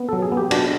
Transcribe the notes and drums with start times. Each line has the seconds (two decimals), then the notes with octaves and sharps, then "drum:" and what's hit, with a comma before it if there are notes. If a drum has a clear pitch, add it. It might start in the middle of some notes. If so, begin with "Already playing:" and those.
Already playing: B3
0.09 F#3 A4
0.22 G#4
0.32 B3
0.37 G4
0.51 D4 F#4, drum: cymbal